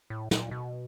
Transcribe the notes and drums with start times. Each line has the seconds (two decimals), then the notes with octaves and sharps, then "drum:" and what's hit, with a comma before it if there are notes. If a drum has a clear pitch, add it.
0.10 A2
0.31 A#2, drum: snare
0.51 B2